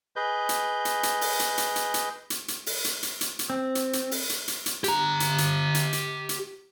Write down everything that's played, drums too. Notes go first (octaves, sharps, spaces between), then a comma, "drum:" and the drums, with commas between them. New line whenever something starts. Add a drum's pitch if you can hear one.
G#4 B4 D#5 G6
drum: hi-hat
drum: hi-hat
drum: hi-hat
drum: open hi-hat
drum: hi-hat
drum: hi-hat
drum: hi-hat
drum: hi-hat
drum: hi-hat
drum: hi-hat
drum: open hi-hat
drum: hi-hat
drum: hi-hat
drum: hi-hat
drum: hi-hat
C4
drum: hi-hat
drum: hi-hat
drum: open hi-hat
drum: hi-hat
drum: hi-hat
drum: hi-hat
G4 A#5, drum: hi-hat
drum: hi-hat
drum: hi-hat
drum: hi-hat
drum: hi-hat
drum: hi-hat